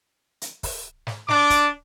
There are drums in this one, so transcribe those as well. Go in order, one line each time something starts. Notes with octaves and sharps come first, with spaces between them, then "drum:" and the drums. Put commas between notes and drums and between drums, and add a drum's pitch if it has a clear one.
drum: hi-hat
drum: kick, open hi-hat
drum: snare
D4 D6, drum: snare
drum: kick, hi-hat